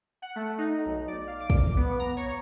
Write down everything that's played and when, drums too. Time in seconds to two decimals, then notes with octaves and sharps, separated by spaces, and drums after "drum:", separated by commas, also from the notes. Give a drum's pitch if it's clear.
0.22 F#5
0.36 A3
0.58 D#4
0.85 B1
1.08 D5
1.27 F5
1.40 D6
1.50 drum: kick
1.77 B3
1.99 A#5
2.17 C#5